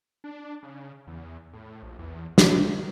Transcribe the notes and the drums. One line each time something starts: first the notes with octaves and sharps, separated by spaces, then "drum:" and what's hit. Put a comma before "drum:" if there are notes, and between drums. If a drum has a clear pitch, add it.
D4
C#3
E2
A2
A#1
E2
A#1, drum: snare
D#3